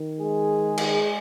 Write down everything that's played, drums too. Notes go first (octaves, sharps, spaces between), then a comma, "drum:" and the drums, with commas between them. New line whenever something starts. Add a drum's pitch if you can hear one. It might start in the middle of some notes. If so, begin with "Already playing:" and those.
Already playing: D#3
G#3 G#4
drum: cymbal